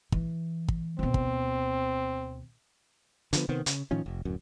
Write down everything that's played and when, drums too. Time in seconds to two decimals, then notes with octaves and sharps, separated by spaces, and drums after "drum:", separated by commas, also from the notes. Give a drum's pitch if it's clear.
0.12 E3, drum: kick
0.68 drum: kick
0.99 D2 B2 C4
1.14 drum: kick
3.33 D3 F3 B3, drum: hi-hat
3.49 C3 D#3 B3 C4
3.66 C#3, drum: hi-hat
3.91 A2 D#3 F3 C#4
4.06 F1
4.25 D1 F#2